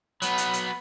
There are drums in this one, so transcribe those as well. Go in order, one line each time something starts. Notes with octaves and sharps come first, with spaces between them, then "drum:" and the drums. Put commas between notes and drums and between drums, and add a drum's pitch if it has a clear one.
F#3 B3 B5, drum: hi-hat
drum: hi-hat
drum: hi-hat